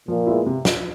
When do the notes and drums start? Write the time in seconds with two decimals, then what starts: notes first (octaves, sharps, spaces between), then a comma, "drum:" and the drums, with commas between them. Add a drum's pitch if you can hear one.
0.08 A#2 F3
0.27 G#3 B3 E4
0.46 C3
0.65 drum: snare